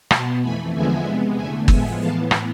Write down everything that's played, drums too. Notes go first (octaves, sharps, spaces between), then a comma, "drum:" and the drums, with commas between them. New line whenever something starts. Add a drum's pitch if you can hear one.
B2 B3 A5 C6, drum: rim click
F2 E3 A3 G#5 B5
E2 D3 F3 G#3 B3 E5 G#5
C3 G#3 B3
E2 D3 A3 E5 G#5
A2 F3 G#3 B3 E5 G#5, drum: kick G1
A2 E3 B3 F5 A5
drum: rim click